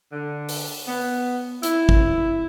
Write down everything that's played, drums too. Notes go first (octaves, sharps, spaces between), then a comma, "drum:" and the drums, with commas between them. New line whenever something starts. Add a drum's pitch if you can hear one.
D3
drum: open hi-hat
B3
E4, drum: hi-hat
drum: kick